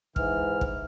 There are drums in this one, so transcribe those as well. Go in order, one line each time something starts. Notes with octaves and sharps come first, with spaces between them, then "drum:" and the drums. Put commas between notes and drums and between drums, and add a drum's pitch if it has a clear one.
G#2 E3 F6, drum: kick
drum: kick